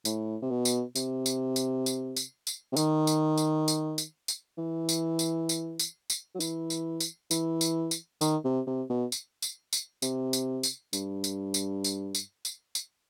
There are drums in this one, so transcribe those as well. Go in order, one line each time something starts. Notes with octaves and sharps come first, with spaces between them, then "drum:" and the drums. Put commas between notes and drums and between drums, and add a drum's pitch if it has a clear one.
A2, drum: tambourine
C3
B2
drum: tambourine
C3, drum: tambourine
drum: tambourine
drum: tambourine
drum: tambourine
drum: tambourine
drum: tambourine
C3
D#3, drum: tambourine
drum: tambourine
drum: tambourine
drum: tambourine
drum: tambourine
drum: tambourine
E3
drum: tambourine
drum: tambourine
drum: tambourine
drum: tambourine
drum: tambourine
F#3
E3, drum: tambourine
drum: tambourine
drum: tambourine
E3, drum: tambourine
drum: tambourine
drum: tambourine
D#3, drum: tambourine
C3
C3
B2
drum: tambourine
drum: tambourine
drum: tambourine
C3, drum: tambourine
drum: tambourine
drum: tambourine
G2, drum: tambourine
drum: tambourine
drum: tambourine
drum: tambourine
drum: tambourine
drum: tambourine
drum: tambourine